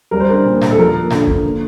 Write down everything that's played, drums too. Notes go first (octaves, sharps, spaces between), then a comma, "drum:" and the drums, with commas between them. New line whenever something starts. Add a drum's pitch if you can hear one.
G3 A#4
C5
D4 A#4
A#2
A#2, drum: snare
A4
F3 A#4
A#3
D3, drum: snare
D3, drum: kick
A#3